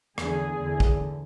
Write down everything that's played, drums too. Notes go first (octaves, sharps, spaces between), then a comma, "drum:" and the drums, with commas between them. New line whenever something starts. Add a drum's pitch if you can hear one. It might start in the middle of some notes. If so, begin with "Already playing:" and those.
E2 D3 G#4, drum: rim click
E2 D3
drum: kick